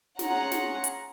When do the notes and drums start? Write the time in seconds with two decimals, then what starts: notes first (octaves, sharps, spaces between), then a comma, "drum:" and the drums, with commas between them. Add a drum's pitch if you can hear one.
0.19 C#4 F4 G#4 F#5 A#5, drum: snare
0.52 drum: snare
0.84 drum: hi-hat